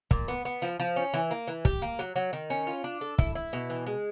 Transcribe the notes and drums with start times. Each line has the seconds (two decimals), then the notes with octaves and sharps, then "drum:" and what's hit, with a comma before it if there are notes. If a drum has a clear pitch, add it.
0.11 A#2, drum: kick
0.28 B3
0.45 B3
0.62 F3
0.80 F3
0.96 C#4
1.14 E3
1.31 A#3
1.48 E3
1.65 G4, drum: kick
1.82 A#3
1.99 F#3
2.16 F#3
2.33 D#3
2.50 C#4
2.67 F4
2.84 D4
3.01 A4
3.19 E4, drum: kick
3.35 E4
3.53 B2
3.70 E3
3.86 G#3